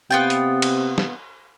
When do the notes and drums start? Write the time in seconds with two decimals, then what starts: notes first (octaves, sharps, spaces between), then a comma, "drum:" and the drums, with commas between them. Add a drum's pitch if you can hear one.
0.11 C3 B3 F4 G5
0.30 drum: hi-hat
0.62 drum: cymbal
0.98 drum: snare